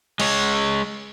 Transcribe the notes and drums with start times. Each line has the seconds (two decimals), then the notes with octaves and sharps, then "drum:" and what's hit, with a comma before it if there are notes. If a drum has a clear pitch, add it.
0.20 G#3 C#5, drum: cymbal